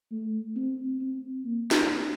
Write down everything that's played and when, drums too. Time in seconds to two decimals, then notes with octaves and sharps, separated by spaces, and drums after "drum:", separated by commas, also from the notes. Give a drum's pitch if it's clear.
0.11 A3
0.56 C4
1.00 C4
1.44 A#3
1.71 drum: snare